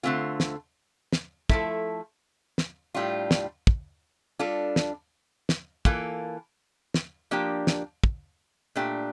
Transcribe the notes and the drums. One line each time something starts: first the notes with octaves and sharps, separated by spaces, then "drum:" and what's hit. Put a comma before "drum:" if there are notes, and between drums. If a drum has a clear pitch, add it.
D3 A3 C4 F4
drum: snare
drum: snare
F3 A3 E4 A4, drum: kick
drum: snare
A2 G3 D4 F4
drum: snare
drum: kick
G3 D4 F4 A4
drum: snare
drum: snare
E3 A#3 F4 A4, drum: kick
drum: snare
F3 A#3 D4 G4
drum: snare
drum: kick
A#2 A3 D4 G4